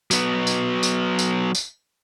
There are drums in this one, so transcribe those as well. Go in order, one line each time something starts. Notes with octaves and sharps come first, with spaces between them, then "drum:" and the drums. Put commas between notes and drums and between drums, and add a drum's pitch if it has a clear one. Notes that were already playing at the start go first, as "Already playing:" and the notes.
F#3 B3, drum: tambourine
drum: tambourine
drum: tambourine
drum: tambourine
drum: tambourine